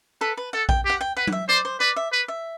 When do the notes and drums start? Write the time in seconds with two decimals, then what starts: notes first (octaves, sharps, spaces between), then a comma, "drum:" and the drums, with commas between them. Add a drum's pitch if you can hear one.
0.21 A4 B4
0.37 B4
0.53 A4 F#5
0.69 G5, drum: kick A#1
0.85 G4 F#5
1.01 G5
1.17 B4 F#5
1.27 F#5, drum: tom F#3
1.32 E5
1.49 C5 D5
1.65 C5
1.80 B4 D5
1.96 E5
2.12 B4
2.28 E5